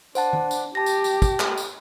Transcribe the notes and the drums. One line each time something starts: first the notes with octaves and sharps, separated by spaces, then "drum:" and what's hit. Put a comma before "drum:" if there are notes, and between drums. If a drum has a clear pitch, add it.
D4 C5 F#5 A5, drum: tambourine
drum: tom D#3
drum: tambourine
G4 A5 A#6
drum: tambourine
drum: tambourine
drum: kick, tambourine
drum: clap
drum: tambourine